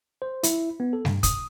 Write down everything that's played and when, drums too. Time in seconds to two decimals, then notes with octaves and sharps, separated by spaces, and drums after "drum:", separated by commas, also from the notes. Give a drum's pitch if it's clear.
0.22 C5
0.43 E4, drum: hi-hat
0.80 B3
0.93 A4
1.05 G2, drum: snare G3
1.23 D#6, drum: kick, hi-hat